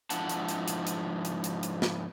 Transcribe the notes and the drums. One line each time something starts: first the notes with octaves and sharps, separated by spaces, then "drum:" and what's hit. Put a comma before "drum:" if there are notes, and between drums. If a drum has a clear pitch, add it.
G#2 F3 D4 E4 F#5 A5, drum: hi-hat
drum: hi-hat
drum: hi-hat
drum: hi-hat
drum: hi-hat
drum: hi-hat
drum: hi-hat
drum: hi-hat
drum: snare